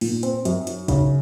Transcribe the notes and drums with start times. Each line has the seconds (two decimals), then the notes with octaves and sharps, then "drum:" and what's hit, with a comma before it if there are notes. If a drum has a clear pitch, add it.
0.01 A#2, drum: open hi-hat
0.23 C4, drum: hi-hat
0.45 F#2, drum: hi-hat
0.67 F#3, drum: hi-hat
0.88 C#3, drum: kick, hi-hat